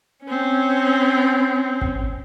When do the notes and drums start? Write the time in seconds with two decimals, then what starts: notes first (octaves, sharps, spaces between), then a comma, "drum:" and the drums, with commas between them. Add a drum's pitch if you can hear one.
0.24 C4 C#4
1.81 drum: kick G#1